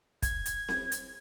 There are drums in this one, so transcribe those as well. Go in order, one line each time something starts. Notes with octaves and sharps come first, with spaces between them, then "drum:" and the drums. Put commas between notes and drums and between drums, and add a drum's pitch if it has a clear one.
G#6, drum: kick, hi-hat
drum: hi-hat
drum: snare C4
drum: hi-hat